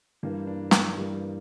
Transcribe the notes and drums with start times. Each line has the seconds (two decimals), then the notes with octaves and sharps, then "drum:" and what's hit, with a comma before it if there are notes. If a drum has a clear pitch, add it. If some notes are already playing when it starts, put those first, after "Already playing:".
0.23 G2 E3 G3 A#3 D4
0.47 D4
0.71 D4, drum: snare
0.95 G2 E3 G3 A#3